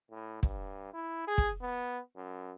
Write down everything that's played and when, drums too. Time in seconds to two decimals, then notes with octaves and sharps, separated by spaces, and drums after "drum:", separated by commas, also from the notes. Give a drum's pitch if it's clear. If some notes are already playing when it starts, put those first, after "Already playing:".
0.11 A2
0.43 G2, drum: kick
0.94 E4
1.28 G#4
1.38 drum: kick
1.62 B3
2.16 F#2